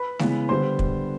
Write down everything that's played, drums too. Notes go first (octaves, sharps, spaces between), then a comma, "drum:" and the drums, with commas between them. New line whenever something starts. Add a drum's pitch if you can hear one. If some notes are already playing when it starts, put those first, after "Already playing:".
Already playing: B4 B5
C#3 E3 G#3 B3, drum: snare A3
D3 G3 B3 C5 C6
drum: kick